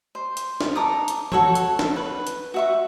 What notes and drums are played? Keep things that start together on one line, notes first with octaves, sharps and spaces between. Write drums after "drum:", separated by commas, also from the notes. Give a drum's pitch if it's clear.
C5
drum: hi-hat
drum: snare
A4 A#5 D6 D#6
drum: hi-hat
F#4 A4 C#5, drum: tom E3
drum: hi-hat
drum: snare
B4
drum: hi-hat
F#4 E5 C#6